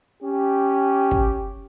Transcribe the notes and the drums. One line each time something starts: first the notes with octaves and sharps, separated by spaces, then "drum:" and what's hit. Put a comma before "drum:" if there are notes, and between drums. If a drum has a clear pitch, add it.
C#4 G4
drum: kick